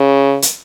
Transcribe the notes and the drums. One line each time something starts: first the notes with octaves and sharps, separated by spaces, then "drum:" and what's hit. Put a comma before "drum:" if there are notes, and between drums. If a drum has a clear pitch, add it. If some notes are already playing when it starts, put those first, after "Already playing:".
Already playing: C#3
drum: hi-hat